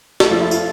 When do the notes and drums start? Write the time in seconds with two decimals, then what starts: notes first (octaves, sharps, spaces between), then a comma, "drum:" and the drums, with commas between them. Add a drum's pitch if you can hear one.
0.20 A3 A4, drum: snare
0.31 F3 F4
0.40 E4
0.51 F4, drum: tambourine